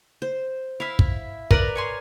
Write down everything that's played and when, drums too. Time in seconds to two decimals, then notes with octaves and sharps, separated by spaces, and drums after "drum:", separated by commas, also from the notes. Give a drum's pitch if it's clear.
0.22 C5
0.80 E4 E5 F5
0.99 drum: kick
1.51 A#4 B4 D5, drum: kick
1.76 C#5 G#5 C6